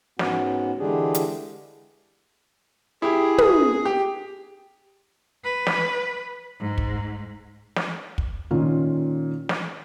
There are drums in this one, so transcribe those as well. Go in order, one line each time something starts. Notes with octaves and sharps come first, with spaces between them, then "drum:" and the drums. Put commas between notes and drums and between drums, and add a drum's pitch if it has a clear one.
G#2 B3 C#4 F#4, drum: snare
D3 E3 G#3 D4 G4 G#4
drum: hi-hat
E4 G4 G#4
D#6, drum: tom
G4
B4
drum: snare
G#2
drum: kick
drum: snare
drum: kick
A#2 D#3 C#4 F4
drum: snare